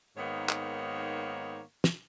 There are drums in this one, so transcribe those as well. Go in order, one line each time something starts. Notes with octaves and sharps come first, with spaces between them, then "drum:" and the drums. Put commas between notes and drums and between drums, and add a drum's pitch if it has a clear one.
G#2 D#3 A#3 B3 C#5
drum: clap
drum: snare